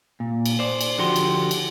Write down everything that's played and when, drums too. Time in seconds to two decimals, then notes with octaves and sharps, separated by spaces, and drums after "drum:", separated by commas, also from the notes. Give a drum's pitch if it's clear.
0.20 A#2
0.45 drum: cymbal
0.59 C5 D5
0.81 drum: cymbal
0.98 D3 F3 F#4 G4 C6
1.16 drum: cymbal
1.51 drum: cymbal